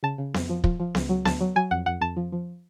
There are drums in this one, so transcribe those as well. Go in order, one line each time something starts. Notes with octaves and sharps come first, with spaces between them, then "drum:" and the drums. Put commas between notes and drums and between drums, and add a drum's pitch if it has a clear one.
C#3 A5
C#3
F2, drum: snare B3
F3
F3, drum: kick
F3
C#2, drum: snare B3
F#3
D2 A5, drum: snare B3
F#3
F#3 G#5
F2 F#5
F2 F#5
F2 A5
F3
F3